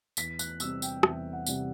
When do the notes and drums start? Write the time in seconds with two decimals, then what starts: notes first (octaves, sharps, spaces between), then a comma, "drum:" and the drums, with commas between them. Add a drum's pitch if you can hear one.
0.17 E2 B6, drum: tambourine
0.39 F#6, drum: tambourine
0.60 C3 G3 C4 E6, drum: tambourine
0.82 G5, drum: tambourine
1.03 E2 E5, drum: rim click
1.33 F#5
1.46 C3 G3 C4, drum: tambourine